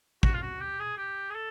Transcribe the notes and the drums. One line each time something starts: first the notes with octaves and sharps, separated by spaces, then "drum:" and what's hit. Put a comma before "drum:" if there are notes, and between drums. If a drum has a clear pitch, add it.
F#4, drum: kick
F4
F#4
G4
G#4
G4
G#4
A4